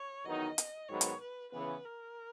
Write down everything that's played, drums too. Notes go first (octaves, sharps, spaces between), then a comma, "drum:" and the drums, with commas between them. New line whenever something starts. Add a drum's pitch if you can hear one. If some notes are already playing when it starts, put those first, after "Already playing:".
Already playing: C#5
E2 D#3 F#3 B3 D#4 D#5
drum: hi-hat
G#2 D#3 F#3 B3 C#5
drum: hi-hat
B4
C#3 E3 B3 B4
A#4